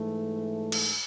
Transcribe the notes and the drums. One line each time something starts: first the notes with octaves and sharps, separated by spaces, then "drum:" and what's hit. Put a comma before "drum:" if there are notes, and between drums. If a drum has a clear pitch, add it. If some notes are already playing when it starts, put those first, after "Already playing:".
Already playing: G#2 E3 A3
drum: cymbal